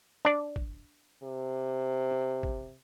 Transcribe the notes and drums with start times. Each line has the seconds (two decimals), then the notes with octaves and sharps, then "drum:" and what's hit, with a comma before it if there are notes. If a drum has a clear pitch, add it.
0.25 D4 D5
0.56 drum: kick A1
1.23 C3
2.43 drum: kick A1